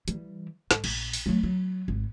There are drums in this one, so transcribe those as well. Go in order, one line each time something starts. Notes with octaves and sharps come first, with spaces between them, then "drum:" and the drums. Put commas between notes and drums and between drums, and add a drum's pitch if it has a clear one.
E3 G3, drum: hi-hat
G#2, drum: snare
A#1, drum: cymbal
drum: open hi-hat
F#3 A3
F#3
G#1